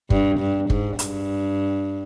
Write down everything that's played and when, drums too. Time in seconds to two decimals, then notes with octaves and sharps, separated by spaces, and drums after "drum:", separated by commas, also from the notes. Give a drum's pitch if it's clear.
0.10 G2, drum: kick
0.39 G2
0.70 G#2, drum: kick
0.99 G2, drum: hi-hat